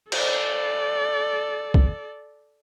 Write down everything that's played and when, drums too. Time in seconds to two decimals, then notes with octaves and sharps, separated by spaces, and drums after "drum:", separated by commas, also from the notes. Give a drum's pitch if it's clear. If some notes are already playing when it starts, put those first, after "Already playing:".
0.12 A4 D5, drum: cymbal
1.74 drum: kick